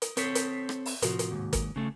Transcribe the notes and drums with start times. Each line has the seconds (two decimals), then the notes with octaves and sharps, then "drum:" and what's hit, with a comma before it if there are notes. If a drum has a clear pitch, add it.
0.02 drum: hi-hat
0.17 C4 A4 C#5 G6 B6 C7, drum: hi-hat
0.35 drum: hi-hat
0.69 drum: rim click
0.86 drum: open hi-hat
1.02 A2 C3 F3 F#4, drum: hi-hat
1.19 drum: hi-hat
1.31 D#2 G#2
1.53 drum: kick, hi-hat
1.76 C#3 A3